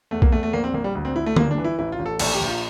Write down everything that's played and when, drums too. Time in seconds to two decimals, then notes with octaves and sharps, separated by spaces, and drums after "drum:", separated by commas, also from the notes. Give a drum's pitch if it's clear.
0.11 E2 A3
0.22 A#3, drum: kick B1
0.32 E2 A3
0.43 A3
0.53 A#1 A#3
0.64 C4
0.74 A#1 A#3
0.84 G3
0.95 D2
1.05 C4
1.16 D2 E4
1.26 A3
1.36 G1 A#3, drum: tom D3
1.51 D4
1.58 E3
1.64 E4
1.79 A1 E4
1.92 F4
1.99 A1
2.06 A4
2.19 A#1 A4, drum: cymbal
2.34 G4
2.41 A#1
2.47 F4